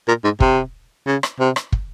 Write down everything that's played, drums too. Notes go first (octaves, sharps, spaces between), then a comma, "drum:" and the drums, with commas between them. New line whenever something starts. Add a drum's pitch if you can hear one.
A#2
G#2
C3, drum: kick
C#3
drum: rim click
C3
drum: rim click
drum: kick